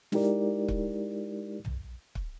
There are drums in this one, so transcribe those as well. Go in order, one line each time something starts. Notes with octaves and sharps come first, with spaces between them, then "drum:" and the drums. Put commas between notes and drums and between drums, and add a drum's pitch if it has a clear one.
G#3 D#4 E4 G4 A#4 D5, drum: snare
drum: kick
drum: tom
drum: kick